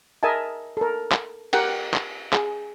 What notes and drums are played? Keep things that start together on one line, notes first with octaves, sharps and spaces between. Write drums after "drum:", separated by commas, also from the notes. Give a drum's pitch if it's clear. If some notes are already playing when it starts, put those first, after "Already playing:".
A#4 D#5 E5 G#5 A5
A4 A#4
drum: clap
G4 A#4 F#5 G5, drum: cymbal
drum: clap
G#4, drum: clap